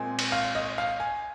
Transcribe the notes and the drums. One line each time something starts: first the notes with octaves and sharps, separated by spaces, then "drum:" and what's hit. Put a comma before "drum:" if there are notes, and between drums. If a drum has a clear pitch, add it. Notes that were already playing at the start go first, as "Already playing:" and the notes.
Already playing: A#2 G#3 C4 G#5
drum: cymbal
F5
D#5
F5
G#5